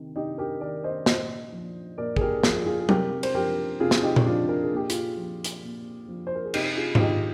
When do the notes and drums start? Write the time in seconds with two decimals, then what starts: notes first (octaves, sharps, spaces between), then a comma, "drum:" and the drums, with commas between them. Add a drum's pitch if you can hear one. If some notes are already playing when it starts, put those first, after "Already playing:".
Already playing: C3 D#3
0.16 C3 D#4 G4
0.38 G4 A#4
0.61 D#3 A#4 D5
0.84 C5 D#5
1.06 A#2 C5 D#5, drum: snare
1.52 F3
1.98 A#2 A#4 D5
2.16 G#4, drum: kick
2.21 G4 A#4
2.43 F3 F4 G#4, drum: snare
2.66 F4 G#4
2.80 G#4
2.89 C3 G4 A#4, drum: tom F#3
3.23 C5, drum: cymbal
3.35 F3 G4 A#4
3.80 C3 F4 G#4
3.91 drum: snare
4.03 D#4 G4
4.16 drum: tom A#2
4.26 F3 D4 F4
4.49 A#4
4.62 G#4
4.72 A#2 G4
4.90 F4 G#4, drum: hi-hat
5.17 F3
5.44 drum: hi-hat
5.63 A#2
6.08 F3
6.27 C5
6.35 A#4
6.44 G#4
6.54 C3 D#4 G4, drum: cymbal
6.77 F4 G#4
6.95 F4, drum: tom G#2
6.99 D#3 D#4 G4